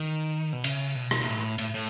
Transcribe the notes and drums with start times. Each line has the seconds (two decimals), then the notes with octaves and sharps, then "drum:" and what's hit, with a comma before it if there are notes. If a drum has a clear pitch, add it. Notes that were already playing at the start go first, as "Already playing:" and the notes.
Already playing: D#3
0.53 B2
0.64 C#3, drum: cymbal
0.95 B2
1.11 drum: rim click
1.21 B2
1.27 A2
1.58 A2, drum: cymbal
1.74 A2